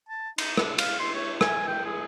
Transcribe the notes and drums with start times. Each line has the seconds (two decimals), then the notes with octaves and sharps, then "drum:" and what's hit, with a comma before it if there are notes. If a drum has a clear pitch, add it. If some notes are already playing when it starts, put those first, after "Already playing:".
0.09 A5
0.38 D#4, drum: cymbal
0.57 D4, drum: rim click
0.78 F5, drum: cymbal
0.99 C6
1.14 C#5
1.41 G#5, drum: rim click
1.68 G5
1.85 G#4